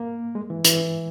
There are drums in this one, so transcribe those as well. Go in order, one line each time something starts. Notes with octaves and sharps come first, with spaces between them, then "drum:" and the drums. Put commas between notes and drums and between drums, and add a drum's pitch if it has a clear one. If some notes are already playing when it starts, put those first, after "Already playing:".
Already playing: A#3
G#3
E3
E3, drum: hi-hat